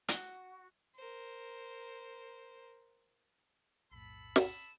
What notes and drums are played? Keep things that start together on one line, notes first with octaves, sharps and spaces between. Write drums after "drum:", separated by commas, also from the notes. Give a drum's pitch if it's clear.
F#4, drum: hi-hat
A#4 C5
B1 F2 A2 A4 B5
E7, drum: snare